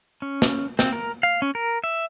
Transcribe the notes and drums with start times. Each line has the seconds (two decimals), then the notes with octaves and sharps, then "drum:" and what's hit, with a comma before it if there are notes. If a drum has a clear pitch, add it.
0.22 C#4
0.42 drum: snare
0.79 C4, drum: snare
0.93 A#4
1.23 F5
1.42 C#4
1.55 A#4
1.84 E5